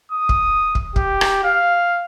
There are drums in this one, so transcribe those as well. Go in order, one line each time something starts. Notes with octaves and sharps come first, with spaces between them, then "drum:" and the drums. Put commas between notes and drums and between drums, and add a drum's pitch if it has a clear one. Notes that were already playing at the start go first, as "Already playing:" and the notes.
D#6
drum: kick
drum: kick
G4, drum: kick
drum: rim click
F5